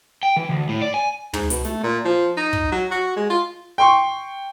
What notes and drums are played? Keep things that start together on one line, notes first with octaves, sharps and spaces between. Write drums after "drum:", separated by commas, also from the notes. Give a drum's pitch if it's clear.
G5
E3
D2
A2
D5
G#5
G#2, drum: tom
B2, drum: hi-hat
A3, drum: snare
A#2
F3
D#4
drum: kick
F#3
F#4
G#3
F4
G5 C6 C#6